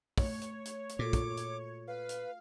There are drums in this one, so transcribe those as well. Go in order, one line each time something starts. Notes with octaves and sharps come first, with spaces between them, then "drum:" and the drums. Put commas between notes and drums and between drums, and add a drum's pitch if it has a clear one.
A3 C#5, drum: kick, open hi-hat
drum: hi-hat
drum: hi-hat
drum: hi-hat
A#2 F4 F#4 A4 D6
drum: kick, hi-hat
drum: hi-hat
B4 F5
drum: hi-hat